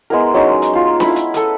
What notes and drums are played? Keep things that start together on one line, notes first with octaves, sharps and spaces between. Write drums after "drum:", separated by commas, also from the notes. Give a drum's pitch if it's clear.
G#3 B3 E4 A#4
F#3 G#3 C#4 D#4
drum: hi-hat
D#4 F4
E4 B5, drum: snare D4
drum: hi-hat
A4 B4 D#5, drum: hi-hat